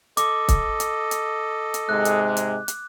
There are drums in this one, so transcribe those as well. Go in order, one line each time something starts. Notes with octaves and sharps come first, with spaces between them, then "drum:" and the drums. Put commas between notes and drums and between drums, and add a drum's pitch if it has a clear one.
A4 D#5 D6, drum: hi-hat
drum: kick, hi-hat
drum: hi-hat
drum: hi-hat
drum: hi-hat
G#2 C3 G#3 F#6
drum: hi-hat
drum: hi-hat
drum: hi-hat